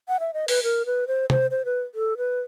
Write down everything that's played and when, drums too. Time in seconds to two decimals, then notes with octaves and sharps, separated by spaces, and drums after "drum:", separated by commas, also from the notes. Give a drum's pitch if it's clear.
0.08 F#5
0.20 E5
0.34 D#5
0.48 B4, drum: open hi-hat
0.63 A#4
0.86 B4
1.07 C5
1.30 C5, drum: tom
1.51 C5
1.65 B4
1.95 A4
2.17 B4